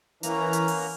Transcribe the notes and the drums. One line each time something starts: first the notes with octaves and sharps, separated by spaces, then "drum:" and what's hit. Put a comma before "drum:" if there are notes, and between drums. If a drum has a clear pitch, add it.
E3 A#3 B3 C#4 A#5, drum: hi-hat
drum: hi-hat
drum: open hi-hat